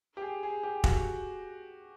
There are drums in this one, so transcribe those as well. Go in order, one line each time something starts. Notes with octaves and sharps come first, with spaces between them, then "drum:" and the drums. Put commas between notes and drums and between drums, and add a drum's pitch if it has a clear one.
G4
G#4
G#4
G4
F#4, drum: kick